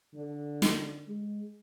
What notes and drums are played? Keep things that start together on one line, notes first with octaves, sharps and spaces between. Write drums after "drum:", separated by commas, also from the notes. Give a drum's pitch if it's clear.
D3
drum: snare
G#3